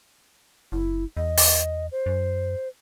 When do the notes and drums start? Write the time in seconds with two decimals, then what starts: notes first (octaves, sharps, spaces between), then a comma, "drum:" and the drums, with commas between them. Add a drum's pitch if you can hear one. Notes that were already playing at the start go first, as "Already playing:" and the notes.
0.72 F#1 E4
1.17 E2 D#5
1.37 drum: open hi-hat
1.92 C5
2.06 F#2